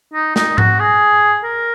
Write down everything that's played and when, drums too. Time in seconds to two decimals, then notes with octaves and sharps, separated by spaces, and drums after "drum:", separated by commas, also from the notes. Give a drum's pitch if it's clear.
0.13 D#4
0.36 D#4, drum: snare
0.58 F#4, drum: tom G#2
0.79 G#4
1.44 A#4